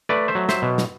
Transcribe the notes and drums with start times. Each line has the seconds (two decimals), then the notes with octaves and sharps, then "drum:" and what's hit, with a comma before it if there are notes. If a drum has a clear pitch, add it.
0.09 A3 B4 D5
0.28 C5 E5
0.35 F#3
0.49 C5 E5, drum: snare
0.62 B2
0.78 drum: snare